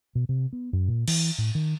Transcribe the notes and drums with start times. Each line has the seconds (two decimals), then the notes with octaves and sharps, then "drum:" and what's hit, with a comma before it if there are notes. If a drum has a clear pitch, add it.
0.15 B2
0.29 C3
0.53 B3
0.73 F#2
0.88 A#2
1.08 E3, drum: cymbal
1.38 A2
1.55 D#3